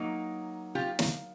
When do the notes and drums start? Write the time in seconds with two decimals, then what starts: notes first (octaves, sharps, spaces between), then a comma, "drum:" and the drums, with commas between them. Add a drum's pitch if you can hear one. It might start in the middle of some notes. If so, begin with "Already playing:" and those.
Already playing: F#3 A#3 D#4
0.75 F4 G4
0.99 drum: snare